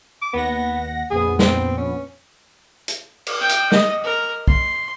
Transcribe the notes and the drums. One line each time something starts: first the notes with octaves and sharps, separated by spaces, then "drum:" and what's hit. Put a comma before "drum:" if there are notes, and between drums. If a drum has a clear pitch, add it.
D6
D#2 B3 F#5 A#6
A#1 F2 B3 G#4
C4, drum: snare
C#4
drum: hi-hat
drum: cymbal
G5
drum: hi-hat
D#5, drum: snare
A#4
C6, drum: kick